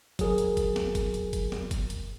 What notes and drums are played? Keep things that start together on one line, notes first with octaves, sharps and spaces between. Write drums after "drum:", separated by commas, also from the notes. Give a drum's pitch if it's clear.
F#3 G#4 A#4, drum: kick F#1, hi-hat
drum: hi-hat
drum: kick F#1, hi-hat
drum: snare
drum: kick F#1, hi-hat
drum: hi-hat
drum: kick F#1, hi-hat
drum: snare
drum: kick F#1, hi-hat
drum: hi-hat